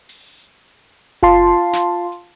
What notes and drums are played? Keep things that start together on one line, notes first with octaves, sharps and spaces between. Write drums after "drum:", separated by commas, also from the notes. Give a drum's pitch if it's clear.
drum: open hi-hat
F4 F5 A5 C6, drum: kick F#1
drum: snare
drum: hi-hat